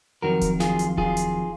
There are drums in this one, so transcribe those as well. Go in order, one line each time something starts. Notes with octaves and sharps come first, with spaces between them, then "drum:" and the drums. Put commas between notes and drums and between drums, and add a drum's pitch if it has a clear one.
F2 D#3 F#3 F#4 A#4
drum: kick D#1, hi-hat
F4 G#4, drum: snare
drum: hi-hat
F4 G#4, drum: kick D#1
drum: hi-hat